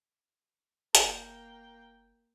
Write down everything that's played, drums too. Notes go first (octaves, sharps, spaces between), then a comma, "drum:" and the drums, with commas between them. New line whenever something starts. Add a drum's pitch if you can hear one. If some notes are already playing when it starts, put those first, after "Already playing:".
F#1 A#3 G5, drum: hi-hat